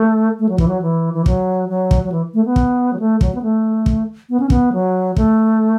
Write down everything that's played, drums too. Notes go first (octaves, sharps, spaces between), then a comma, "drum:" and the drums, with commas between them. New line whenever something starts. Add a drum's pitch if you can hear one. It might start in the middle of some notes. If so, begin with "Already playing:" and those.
Already playing: A3
A3
F#3
E3, drum: kick
F#3
E3
E3
F#3, drum: kick
F#3
drum: kick
F#3
E3
A3
B3
drum: kick
F#3
A3
F#3, drum: kick
B3
A3
drum: kick
B3
C#4
B3, drum: kick
F#3
A3, drum: kick